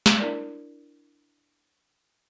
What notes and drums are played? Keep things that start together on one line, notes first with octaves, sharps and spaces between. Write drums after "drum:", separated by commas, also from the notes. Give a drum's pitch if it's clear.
drum: snare
D4 E4 A#4 D5